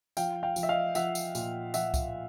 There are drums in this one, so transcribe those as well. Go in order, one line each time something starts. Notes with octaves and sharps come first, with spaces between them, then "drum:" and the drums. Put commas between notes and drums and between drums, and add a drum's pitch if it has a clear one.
F3 F5 G5, drum: tambourine
F5 G5
F3, drum: tambourine
E5
D#5 F5
F3 E5 F#5, drum: tambourine
drum: tambourine
A#2, drum: tambourine
F3 E5 F#5, drum: tambourine
drum: kick C2, tambourine